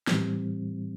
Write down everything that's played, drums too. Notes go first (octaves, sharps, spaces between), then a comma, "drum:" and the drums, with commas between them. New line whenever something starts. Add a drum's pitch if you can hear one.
A2 E3 G3 C4, drum: snare